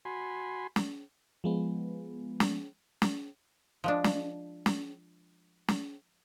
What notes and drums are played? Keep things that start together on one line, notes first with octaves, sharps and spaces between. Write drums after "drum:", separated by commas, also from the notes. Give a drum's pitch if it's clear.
F#4 G#5 B5 C6
drum: snare
F3 G#3 B3
drum: snare
drum: snare
F3 G#3 D4
drum: snare
drum: snare
drum: snare